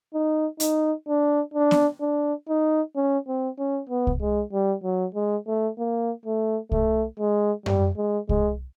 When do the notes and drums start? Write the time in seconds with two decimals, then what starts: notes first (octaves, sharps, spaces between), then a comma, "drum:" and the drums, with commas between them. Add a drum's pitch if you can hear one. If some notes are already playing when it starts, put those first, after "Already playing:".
0.14 D#4
0.60 D#4, drum: hi-hat
1.08 D4
1.54 D4
1.71 drum: snare B3
2.01 D4
2.49 D#4
2.96 C#4
3.28 C4
3.59 C#4
3.89 B3
4.07 drum: kick C2
4.21 G#3
4.53 G3
4.83 F#3
5.15 G#3
5.47 A3
5.79 A#3
6.25 A3
6.72 A3, drum: kick C2
7.20 G#3
7.66 G3, drum: tom F#2
7.97 G#3
8.29 G#3, drum: kick C2